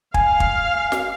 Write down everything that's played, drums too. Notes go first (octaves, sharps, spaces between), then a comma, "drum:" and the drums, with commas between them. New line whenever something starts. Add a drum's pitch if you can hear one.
F5 G#5, drum: kick
drum: kick
drum: snare